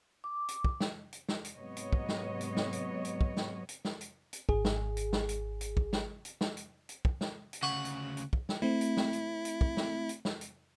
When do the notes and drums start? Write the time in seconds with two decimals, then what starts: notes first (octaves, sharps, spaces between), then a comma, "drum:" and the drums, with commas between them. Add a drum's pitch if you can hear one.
0.24 D6
0.48 drum: hi-hat
0.64 drum: kick
0.80 drum: snare
1.12 drum: hi-hat
1.28 drum: snare
1.45 drum: hi-hat
1.55 G#2 C3 F#3 B3 C#5 D#5
1.77 drum: hi-hat
1.93 drum: kick
2.09 drum: snare
2.41 drum: hi-hat
2.57 drum: snare
2.73 drum: hi-hat
3.05 drum: hi-hat
3.21 drum: kick
3.37 drum: snare
3.69 drum: hi-hat
3.85 drum: snare
4.01 drum: hi-hat
4.33 drum: hi-hat
4.49 G#1 G#4, drum: kick
4.65 drum: snare
4.97 drum: hi-hat
5.13 drum: snare
5.29 drum: hi-hat
5.61 drum: hi-hat
5.77 drum: kick
5.93 drum: snare
6.25 drum: hi-hat
6.41 drum: snare
6.57 drum: hi-hat
6.89 drum: hi-hat
7.05 drum: kick
7.21 drum: snare
7.53 drum: hi-hat
7.63 D2 C#3 F#5 B5 C#6
7.85 drum: hi-hat
8.17 drum: hi-hat
8.33 drum: kick
8.49 drum: snare
8.62 A3 C4 E4
8.81 drum: hi-hat
8.97 drum: snare
9.13 drum: hi-hat
9.45 drum: hi-hat
9.61 drum: kick
9.77 drum: snare
10.09 drum: hi-hat
10.25 drum: snare
10.41 drum: hi-hat